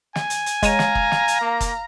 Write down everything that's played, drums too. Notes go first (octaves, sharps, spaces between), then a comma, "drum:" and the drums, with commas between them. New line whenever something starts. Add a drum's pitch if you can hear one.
G#5, drum: snare
drum: hi-hat
drum: hi-hat
G#3 C#5 F5 A#5 D#7, drum: kick, hi-hat
drum: snare
drum: kick
drum: snare
drum: hi-hat
A#3
drum: kick, hi-hat